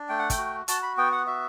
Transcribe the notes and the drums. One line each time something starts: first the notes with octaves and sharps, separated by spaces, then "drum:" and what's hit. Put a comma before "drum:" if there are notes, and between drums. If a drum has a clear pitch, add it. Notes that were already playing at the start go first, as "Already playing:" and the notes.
Already playing: D4
A3 G5
F#5
G5, drum: kick, hi-hat
F#4
F#4 A5, drum: hi-hat
B5
B3 G5
F#5
F#4 E5